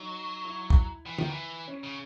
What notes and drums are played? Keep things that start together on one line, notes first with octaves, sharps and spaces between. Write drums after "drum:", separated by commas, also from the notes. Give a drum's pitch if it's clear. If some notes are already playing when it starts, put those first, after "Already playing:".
Already playing: F#3 D#4
E4
drum: kick
E3
D#3, drum: tom
E3
C#4
C#3